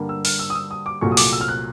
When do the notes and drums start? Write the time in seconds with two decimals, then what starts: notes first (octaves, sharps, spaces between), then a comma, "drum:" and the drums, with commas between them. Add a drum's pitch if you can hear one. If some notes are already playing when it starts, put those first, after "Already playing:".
Already playing: G2 D3 G3 A#3
0.09 E6
0.25 F6, drum: open hi-hat
0.39 E6
0.50 D#6
0.55 E6
0.71 D#6
0.86 D6
1.01 C2 A#2 F#3 A3 C#6
1.12 D#6
1.17 D6, drum: open hi-hat
1.33 E6
1.41 F6
1.48 F#6